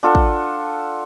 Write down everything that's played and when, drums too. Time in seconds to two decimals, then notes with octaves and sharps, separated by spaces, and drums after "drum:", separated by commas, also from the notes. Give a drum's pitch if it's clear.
0.03 D4 F4 A4 F#5
0.15 drum: kick